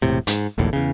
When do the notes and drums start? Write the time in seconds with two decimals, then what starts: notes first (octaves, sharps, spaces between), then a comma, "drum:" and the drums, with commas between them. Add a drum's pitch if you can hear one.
0.02 E1 A2 C3
0.27 G#2, drum: hi-hat
0.58 E1 A#1 D#2 A2
0.73 E2 C#3